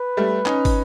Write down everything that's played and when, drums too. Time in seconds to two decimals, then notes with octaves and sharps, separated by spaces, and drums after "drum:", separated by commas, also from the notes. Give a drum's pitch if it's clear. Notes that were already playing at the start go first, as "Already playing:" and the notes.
Already playing: B4
0.17 G3 A3
0.46 C#4 D#4, drum: clap
0.65 drum: kick, open hi-hat